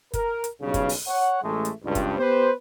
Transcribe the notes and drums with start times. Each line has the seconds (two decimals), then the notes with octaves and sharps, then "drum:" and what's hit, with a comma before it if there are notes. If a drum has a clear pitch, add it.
0.13 A#4, drum: kick F#1, hi-hat
0.44 drum: hi-hat
0.61 B1 G2 C#3
0.74 drum: kick F#1, hi-hat
0.89 drum: open hi-hat
1.08 C#5 F#5
1.43 A1 G#3 A3
1.65 drum: hi-hat
1.84 C#2 G2
1.95 drum: kick F#1, hi-hat
2.17 B3 G4 B4 C5